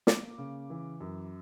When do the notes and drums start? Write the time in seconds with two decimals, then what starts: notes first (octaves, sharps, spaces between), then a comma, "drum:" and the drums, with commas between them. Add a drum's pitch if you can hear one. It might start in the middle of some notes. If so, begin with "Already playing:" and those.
0.07 A#3 D6, drum: snare
0.38 C#3
0.70 E3
1.01 F#2